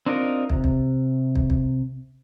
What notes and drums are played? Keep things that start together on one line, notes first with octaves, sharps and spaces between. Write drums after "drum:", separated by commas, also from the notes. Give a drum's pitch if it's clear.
C4 D4 D#4 F4 A#4
C3, drum: kick
drum: kick
drum: kick
drum: kick